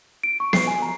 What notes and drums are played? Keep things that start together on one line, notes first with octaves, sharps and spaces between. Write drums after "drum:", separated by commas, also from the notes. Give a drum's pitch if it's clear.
D7
C#6
C7, drum: snare B3
G#5
A#5